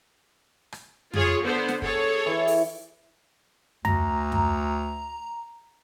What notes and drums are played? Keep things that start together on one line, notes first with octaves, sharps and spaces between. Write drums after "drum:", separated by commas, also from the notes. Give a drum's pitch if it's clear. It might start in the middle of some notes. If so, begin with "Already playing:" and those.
drum: rim click
F4 G#4 C#5, drum: tom F2
D3 B3 C5
drum: snare
G#4 A4 C#5, drum: kick
E3
drum: open hi-hat
D2 A#5, drum: tom F2
drum: tom F2